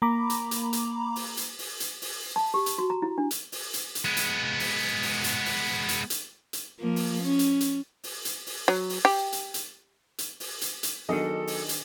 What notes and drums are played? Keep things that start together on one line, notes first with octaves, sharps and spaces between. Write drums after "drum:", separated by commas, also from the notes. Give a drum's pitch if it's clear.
A#3 A#5 B5 D6
drum: hi-hat
drum: hi-hat
drum: hi-hat
drum: open hi-hat
drum: hi-hat
drum: open hi-hat
drum: hi-hat
drum: open hi-hat
A5
G4
drum: hi-hat
F#4
A#5
E4
D4
drum: hi-hat
drum: open hi-hat
drum: hi-hat
drum: hi-hat
G#3 B3
drum: hi-hat
drum: open hi-hat
drum: open hi-hat
drum: hi-hat
drum: open hi-hat
drum: hi-hat
drum: hi-hat
drum: hi-hat
F3 A#3
drum: open hi-hat
C#4
drum: hi-hat
drum: hi-hat
drum: open hi-hat
drum: hi-hat
drum: open hi-hat
F#3
drum: open hi-hat
G4
drum: hi-hat
drum: hi-hat
drum: hi-hat
drum: open hi-hat
drum: hi-hat
drum: hi-hat
D#3 F#3 B3 D4 G#4 A4 D#5
drum: open hi-hat
drum: hi-hat